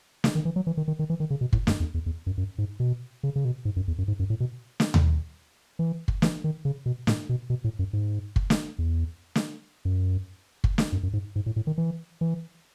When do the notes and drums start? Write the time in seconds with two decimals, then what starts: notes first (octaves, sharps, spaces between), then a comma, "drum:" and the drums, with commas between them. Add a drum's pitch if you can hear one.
0.24 C#3, drum: snare
0.35 D#3
0.45 E3
0.56 F#3
0.67 E3
0.77 D#3
0.88 D#3
0.99 D#3
1.10 E3
1.20 D#3
1.30 C#3
1.41 B2
1.53 A2, drum: kick
1.67 F#2, drum: snare
1.80 E2
1.94 E2
2.06 E2
2.26 F#2
2.38 F#2
2.58 G#2
2.80 B2
3.23 C#3
3.36 C#3
3.45 B2
3.65 G#2
3.76 F#2
3.88 E2
3.98 F#2
4.08 G#2
4.19 F#2
4.30 A2
4.40 B2
4.80 drum: snare
4.94 drum: tom D#2
5.79 E3
6.08 drum: kick
6.22 E3, drum: snare
6.44 D#3
6.65 C#3
6.86 B2
7.07 A2, drum: snare
7.29 B2
7.50 B2
7.64 A2
7.79 F#2
7.93 G#2
8.36 drum: kick
8.50 drum: snare
8.79 E2
9.36 drum: snare
9.85 F#2
10.64 drum: kick
10.78 drum: snare
10.92 F#2
11.03 F#2
11.13 G#2
11.36 G#2
11.46 A2
11.56 A2
11.67 D#3
11.78 E3
12.21 E3